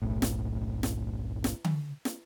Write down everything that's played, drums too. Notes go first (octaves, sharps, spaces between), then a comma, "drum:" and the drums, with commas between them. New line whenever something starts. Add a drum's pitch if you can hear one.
F#1 B1 A2
drum: snare
drum: snare
drum: snare
drum: tom D3
drum: snare